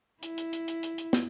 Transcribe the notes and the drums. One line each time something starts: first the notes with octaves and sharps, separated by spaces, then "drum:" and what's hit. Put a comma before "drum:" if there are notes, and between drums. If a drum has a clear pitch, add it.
E4, drum: hi-hat
drum: hi-hat
drum: hi-hat
drum: hi-hat
drum: hi-hat
drum: hi-hat
drum: snare